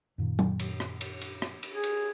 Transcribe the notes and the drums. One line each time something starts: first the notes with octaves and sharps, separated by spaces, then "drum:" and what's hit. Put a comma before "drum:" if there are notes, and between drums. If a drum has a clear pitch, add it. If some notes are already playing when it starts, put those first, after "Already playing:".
F#2 A#2 D#3
drum: tom F#3
drum: cymbal
drum: rim click
drum: cymbal
drum: cymbal
drum: rim click
drum: cymbal
G#4
drum: cymbal